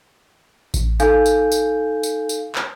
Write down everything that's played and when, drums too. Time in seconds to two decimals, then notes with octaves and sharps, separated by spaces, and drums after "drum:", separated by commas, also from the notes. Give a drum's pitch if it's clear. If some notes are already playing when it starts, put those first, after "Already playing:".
0.74 drum: kick A1, tambourine
1.00 D#4 A4 F5 G#5 G6, drum: tambourine
1.26 drum: tambourine
1.52 drum: tambourine
2.03 drum: tambourine
2.29 drum: tambourine
2.55 drum: clap